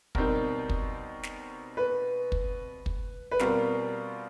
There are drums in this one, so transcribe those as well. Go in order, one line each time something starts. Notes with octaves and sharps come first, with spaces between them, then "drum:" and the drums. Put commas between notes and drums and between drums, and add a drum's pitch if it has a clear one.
B2 G3 C4 D#4 A#4, drum: kick
drum: kick
drum: snare
B4
drum: kick
drum: kick
B4
B2 G3 C4 F4 A#4, drum: snare